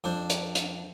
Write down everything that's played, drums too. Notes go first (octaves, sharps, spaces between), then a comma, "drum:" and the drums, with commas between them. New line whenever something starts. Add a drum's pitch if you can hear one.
F2 D4 C5
drum: hi-hat
drum: hi-hat